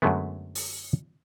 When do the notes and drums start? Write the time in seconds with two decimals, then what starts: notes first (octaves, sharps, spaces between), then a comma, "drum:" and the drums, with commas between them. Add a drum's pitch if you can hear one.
0.02 F#2 D3 F#3 G#3 A3 B3
0.55 drum: open hi-hat